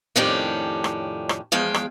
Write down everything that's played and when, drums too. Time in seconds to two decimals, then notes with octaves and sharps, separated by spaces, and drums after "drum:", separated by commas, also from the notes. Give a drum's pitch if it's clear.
0.16 F2 A2 D#3 C#4 D4 G4
0.84 drum: rim click
1.29 drum: rim click
1.52 E2 F3 G#3 F5 G5
1.74 drum: rim click